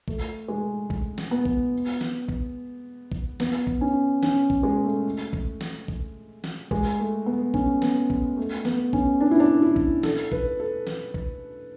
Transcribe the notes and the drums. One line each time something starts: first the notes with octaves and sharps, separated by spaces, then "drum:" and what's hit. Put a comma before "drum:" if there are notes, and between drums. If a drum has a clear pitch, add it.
A3, drum: kick
G#3
drum: kick
drum: snare
B3
drum: kick
drum: snare
drum: kick
drum: kick
B3, drum: snare
drum: kick
C#4
C#4, drum: snare
drum: kick
G#3
A3
drum: kick
drum: snare
drum: kick
drum: snare
G#3, drum: kick
A3
B3
C#4, drum: kick
B3, drum: snare
drum: kick
A3
B3, drum: snare
C#4, drum: kick
D4
E4
D4
E4
drum: kick
A4, drum: snare
B4, drum: kick
A4
drum: snare
drum: kick